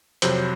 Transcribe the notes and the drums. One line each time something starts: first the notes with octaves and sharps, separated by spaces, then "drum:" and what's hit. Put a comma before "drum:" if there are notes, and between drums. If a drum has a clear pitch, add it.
F2 C3 F#3 C5, drum: hi-hat